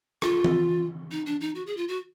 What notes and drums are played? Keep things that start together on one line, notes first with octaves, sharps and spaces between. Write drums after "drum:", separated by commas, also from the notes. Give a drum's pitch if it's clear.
F4, drum: rim click
drum: tom E3
D#4
D4
D#4
F#4
G#4
F4
F#4